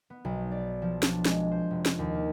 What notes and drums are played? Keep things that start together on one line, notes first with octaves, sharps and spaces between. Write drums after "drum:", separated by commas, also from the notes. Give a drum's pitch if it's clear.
B3
B1
D5
F3
D4, drum: snare
G#3, drum: snare
C5
F1
drum: snare
D#2
A#3